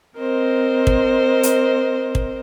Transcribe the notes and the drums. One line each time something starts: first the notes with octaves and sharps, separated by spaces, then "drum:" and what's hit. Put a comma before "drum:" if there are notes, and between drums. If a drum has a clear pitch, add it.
C4 A#4 C5 D#5
drum: kick
drum: hi-hat
drum: kick